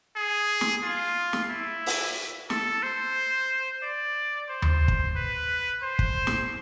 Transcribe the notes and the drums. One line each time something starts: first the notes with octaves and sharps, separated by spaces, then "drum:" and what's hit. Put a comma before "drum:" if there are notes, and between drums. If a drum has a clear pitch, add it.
G#4
drum: snare
F4
drum: snare
E4
drum: open hi-hat
A4, drum: snare
C5
D5
C5
drum: tom D#2
drum: kick
B4
C5
drum: kick
drum: snare